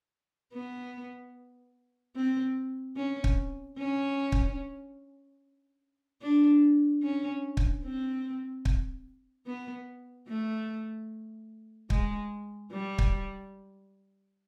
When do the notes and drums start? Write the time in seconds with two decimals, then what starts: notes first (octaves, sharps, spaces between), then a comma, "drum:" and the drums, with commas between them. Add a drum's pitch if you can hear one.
0.53 B3
2.16 C4
2.97 C#4
3.24 drum: kick
3.78 C#4
4.32 drum: kick
6.22 D4
7.03 C#4
7.57 drum: kick
7.84 C4
8.65 drum: kick
9.46 B3
10.28 A3
11.90 G#3, drum: kick
12.72 G3
12.99 drum: kick